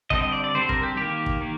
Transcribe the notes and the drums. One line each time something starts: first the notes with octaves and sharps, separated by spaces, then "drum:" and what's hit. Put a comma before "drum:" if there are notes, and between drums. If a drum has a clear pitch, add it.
D3 G3 C4 D#5, drum: kick
D#5
D5
D5
D3 G3 C4 C5
A#4, drum: kick
G4
D#3 A#3 G4
drum: kick
D#3 A#3